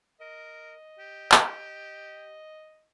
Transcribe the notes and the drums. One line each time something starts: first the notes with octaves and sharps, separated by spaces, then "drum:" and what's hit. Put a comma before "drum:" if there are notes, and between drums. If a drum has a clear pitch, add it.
A#4 D#5
G4
drum: clap